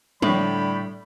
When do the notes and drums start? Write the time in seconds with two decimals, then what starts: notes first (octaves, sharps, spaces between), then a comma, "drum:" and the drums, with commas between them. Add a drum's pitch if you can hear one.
0.22 A2 D3 G3 B5, drum: tom